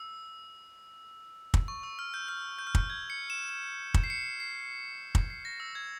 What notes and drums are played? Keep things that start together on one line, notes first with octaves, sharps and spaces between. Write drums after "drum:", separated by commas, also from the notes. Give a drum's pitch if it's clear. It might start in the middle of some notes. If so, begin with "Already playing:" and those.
Already playing: E6
drum: kick
C#6
E6
F6
G6
F6
G6
F6
G6, drum: kick
G#6
C#7
E7
E7
drum: kick
C7
C#7
C7
drum: kick
C7
A#6
E6
G#6